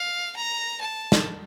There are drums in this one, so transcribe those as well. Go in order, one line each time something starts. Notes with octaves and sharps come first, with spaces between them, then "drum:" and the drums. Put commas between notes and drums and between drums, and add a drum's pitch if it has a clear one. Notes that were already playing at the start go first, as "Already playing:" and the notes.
Already playing: F5
A#5
A5
drum: snare